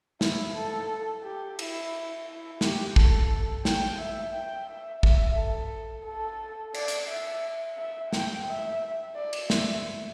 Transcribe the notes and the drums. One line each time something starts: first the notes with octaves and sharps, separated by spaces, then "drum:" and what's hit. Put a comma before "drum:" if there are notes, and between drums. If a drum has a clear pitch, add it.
E4, drum: snare
A4
G4
E4, drum: cymbal
E4
G4, drum: snare
A4, drum: kick
G5, drum: snare
E5
G5
E5
E5, drum: kick
A4
A4
D5, drum: cymbal
drum: hi-hat
E5
E5
G5, drum: snare
E5
D5
drum: cymbal
E5, drum: snare